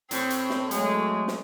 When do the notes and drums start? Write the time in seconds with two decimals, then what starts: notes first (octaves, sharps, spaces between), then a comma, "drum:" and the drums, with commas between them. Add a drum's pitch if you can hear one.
0.11 A2 C4, drum: hi-hat
0.30 drum: hi-hat
0.50 drum: snare
0.71 F#3 G#3 A3, drum: hi-hat
1.28 drum: snare